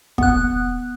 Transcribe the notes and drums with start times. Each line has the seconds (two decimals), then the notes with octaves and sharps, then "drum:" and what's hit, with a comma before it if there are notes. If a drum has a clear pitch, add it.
0.18 B3 F#6, drum: kick